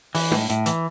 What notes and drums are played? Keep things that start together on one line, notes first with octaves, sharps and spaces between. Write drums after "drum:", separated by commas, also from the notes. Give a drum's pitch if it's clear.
E3, drum: open hi-hat
A2, drum: tom
A2, drum: hi-hat
E3, drum: hi-hat